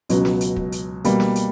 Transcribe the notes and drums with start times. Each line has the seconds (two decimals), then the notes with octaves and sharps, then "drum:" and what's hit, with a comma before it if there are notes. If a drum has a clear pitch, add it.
0.09 C#2 B2 F#3, drum: hi-hat
0.25 drum: snare
0.41 drum: hi-hat
0.56 drum: kick
0.72 drum: hi-hat
1.04 B2 G3 A#3, drum: hi-hat
1.20 drum: snare
1.35 drum: hi-hat